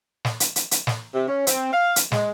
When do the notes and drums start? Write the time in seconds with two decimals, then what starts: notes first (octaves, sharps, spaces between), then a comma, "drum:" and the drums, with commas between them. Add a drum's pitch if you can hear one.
0.25 drum: snare
0.40 drum: hi-hat
0.56 drum: hi-hat
0.71 drum: hi-hat
0.87 drum: snare
1.14 C3
1.28 C#4
1.47 C4, drum: hi-hat
1.73 F5
1.96 drum: hi-hat
2.12 G#3, drum: snare